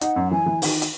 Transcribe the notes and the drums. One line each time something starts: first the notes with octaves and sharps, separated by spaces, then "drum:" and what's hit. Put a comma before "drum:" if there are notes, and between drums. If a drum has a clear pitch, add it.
D#4 F#5, drum: hi-hat
F#2
E3 G#5
E3
D#3, drum: open hi-hat
drum: hi-hat